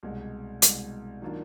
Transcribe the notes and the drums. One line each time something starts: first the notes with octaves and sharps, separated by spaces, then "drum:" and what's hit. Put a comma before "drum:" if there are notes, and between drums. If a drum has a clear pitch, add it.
C2 B2 G#3
C2 B2 G#3, drum: hi-hat
D#3 F#3 A#3 D4 F4